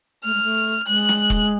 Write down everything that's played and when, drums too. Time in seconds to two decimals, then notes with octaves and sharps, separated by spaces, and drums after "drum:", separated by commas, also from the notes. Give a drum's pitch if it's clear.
0.24 A3 F6
0.34 G#3
0.43 A3
0.88 G#3 F#6
1.09 drum: snare
1.30 drum: kick E1